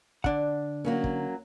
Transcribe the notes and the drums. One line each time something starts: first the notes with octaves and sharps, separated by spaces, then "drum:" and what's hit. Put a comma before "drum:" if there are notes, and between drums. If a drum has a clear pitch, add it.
D3 D4 F#5, drum: kick
F#3 A#3 C#4
drum: kick